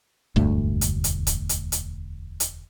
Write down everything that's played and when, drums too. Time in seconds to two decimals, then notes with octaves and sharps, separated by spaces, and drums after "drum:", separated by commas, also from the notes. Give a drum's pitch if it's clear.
0.36 E1 D2 G2 A3, drum: kick C#1
0.81 drum: hi-hat
1.04 drum: hi-hat
1.27 drum: kick C#1, hi-hat
1.49 drum: hi-hat
1.72 drum: hi-hat
2.40 drum: hi-hat